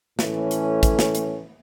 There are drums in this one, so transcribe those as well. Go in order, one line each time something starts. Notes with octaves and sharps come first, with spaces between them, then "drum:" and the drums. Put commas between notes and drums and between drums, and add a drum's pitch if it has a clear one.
A2 E3 A3 C#4, drum: snare
drum: hi-hat
drum: kick, hi-hat
drum: snare
drum: hi-hat